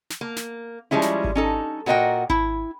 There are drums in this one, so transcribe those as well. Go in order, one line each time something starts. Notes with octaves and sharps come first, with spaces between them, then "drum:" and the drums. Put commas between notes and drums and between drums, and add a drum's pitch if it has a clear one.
drum: snare
A#3
drum: snare
F3 G3 G#3 C#4 E4
drum: snare
drum: kick G#1
C#4 D#4 A4
A#2 F#4 A#4 D#5 F#5 G5
E4, drum: kick G#1